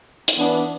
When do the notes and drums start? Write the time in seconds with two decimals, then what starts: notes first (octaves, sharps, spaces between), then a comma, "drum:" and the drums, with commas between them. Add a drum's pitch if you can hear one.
0.28 drum: hi-hat
0.38 E3 B3 D4